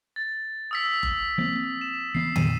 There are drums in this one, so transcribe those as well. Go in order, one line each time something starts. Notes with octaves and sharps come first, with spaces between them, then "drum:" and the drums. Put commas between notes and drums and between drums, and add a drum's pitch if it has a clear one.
A6
D#6 E6 B6
drum: kick F#1
F3 A#3 C4
E7
E3 B3 C7
F2 A#2 D#3 D#7, drum: tom D3